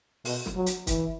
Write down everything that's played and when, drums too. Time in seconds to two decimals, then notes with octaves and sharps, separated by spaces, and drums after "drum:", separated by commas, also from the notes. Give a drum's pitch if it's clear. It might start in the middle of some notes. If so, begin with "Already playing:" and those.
0.25 B2, drum: open hi-hat
0.46 drum: snare
0.56 F#3
0.66 drum: hi-hat
0.87 E3, drum: kick, hi-hat